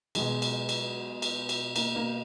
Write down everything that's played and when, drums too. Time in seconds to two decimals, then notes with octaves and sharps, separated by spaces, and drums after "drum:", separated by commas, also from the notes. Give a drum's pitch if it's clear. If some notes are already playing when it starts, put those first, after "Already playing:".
0.15 B2 F#3 G#3, drum: cymbal
0.42 drum: cymbal
0.69 drum: cymbal
1.22 drum: cymbal
1.49 drum: cymbal
1.76 A#3, drum: cymbal
1.96 A#3